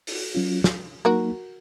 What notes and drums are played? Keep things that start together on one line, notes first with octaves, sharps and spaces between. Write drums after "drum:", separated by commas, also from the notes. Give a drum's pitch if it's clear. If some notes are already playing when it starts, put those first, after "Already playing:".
drum: open hi-hat
F#3 C#4 F4
drum: snare
F#3 A#3 D#4 F#4 A#4